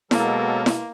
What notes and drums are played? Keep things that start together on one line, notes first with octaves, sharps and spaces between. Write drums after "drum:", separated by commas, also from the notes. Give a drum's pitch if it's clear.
B2 F#3 G#3 A#3 A4 A#4, drum: snare E4
drum: snare E4